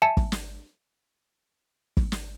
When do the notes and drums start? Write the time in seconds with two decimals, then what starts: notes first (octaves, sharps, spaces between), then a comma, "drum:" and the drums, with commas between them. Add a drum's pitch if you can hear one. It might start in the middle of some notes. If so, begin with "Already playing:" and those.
0.02 E5 G#5 A5 C#7
0.17 drum: kick
0.32 drum: snare
1.97 drum: kick
2.12 drum: snare